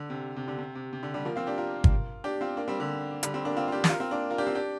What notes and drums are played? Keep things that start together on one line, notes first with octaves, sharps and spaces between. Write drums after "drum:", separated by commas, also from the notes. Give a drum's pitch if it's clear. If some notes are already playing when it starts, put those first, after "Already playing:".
Already playing: D3
C3
C3
D3
C3
C3
C3
D3
D3 G3
F3 A#3
C4 F4
D4 G4
F4 A#4
drum: kick G1
D4 G4
C4 F4
A#3 D4
G3 C4
D3 G3
D3 G3, drum: hi-hat
G3 C4
A#3 D4
C4 F4
F4
D4 G4
G4, drum: snare
F4 A#4
C4 F4
A#3 D4
F4 A#4
D4 G4
C4 F4
D4 G4